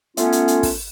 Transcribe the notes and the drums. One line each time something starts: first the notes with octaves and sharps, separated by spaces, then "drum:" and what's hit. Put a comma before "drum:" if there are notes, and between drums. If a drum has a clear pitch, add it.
A3 B3 C#4 F4, drum: hi-hat
drum: hi-hat
drum: hi-hat
drum: kick, open hi-hat